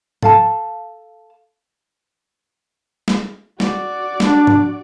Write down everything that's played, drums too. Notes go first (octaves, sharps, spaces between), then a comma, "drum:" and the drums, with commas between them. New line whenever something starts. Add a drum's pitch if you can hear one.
A4 F5 A5, drum: tom
drum: snare
F#4 D5, drum: snare
D4, drum: snare
drum: tom